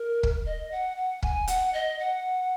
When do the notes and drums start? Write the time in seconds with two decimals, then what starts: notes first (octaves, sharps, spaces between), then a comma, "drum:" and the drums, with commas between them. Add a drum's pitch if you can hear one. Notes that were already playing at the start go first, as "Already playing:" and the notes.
Already playing: A#4
0.23 drum: kick
0.46 D#5
0.72 F#5
0.97 F#5
1.23 G#5, drum: kick
1.48 F#5, drum: hi-hat
1.74 D#5
1.99 F#5